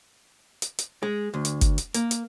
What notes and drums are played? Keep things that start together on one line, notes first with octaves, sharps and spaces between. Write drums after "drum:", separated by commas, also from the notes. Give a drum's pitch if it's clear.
drum: hi-hat
drum: hi-hat
G#3
D2
drum: hi-hat
drum: kick G1, hi-hat
drum: hi-hat
A#3, drum: hi-hat
drum: hi-hat